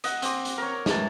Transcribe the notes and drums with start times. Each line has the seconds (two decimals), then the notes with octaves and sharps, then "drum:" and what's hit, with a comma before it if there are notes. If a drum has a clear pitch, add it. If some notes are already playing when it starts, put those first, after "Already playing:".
0.04 D#5 F#5, drum: hi-hat
0.22 C4 D6, drum: hi-hat
0.45 drum: hi-hat
0.58 A#4 C#5
0.86 F#2 E3 A5, drum: snare